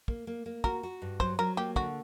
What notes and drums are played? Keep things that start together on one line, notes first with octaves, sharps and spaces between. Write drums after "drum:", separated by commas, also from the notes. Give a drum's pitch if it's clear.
A#3, drum: kick
A#3
A#3
F#4 A#4, drum: kick
F#4
G2
F#3 C5, drum: kick
F#3 A#4
A#3 G4
D3 F#4, drum: kick